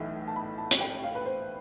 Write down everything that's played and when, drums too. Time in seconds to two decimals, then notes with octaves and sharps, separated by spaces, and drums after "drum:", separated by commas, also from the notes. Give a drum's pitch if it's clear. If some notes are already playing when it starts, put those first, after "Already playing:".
Already playing: B1 A2 E3
0.28 A5
0.36 B5
0.58 A5
0.71 drum: hi-hat
0.81 G5
1.03 F5
1.15 B4
1.26 C5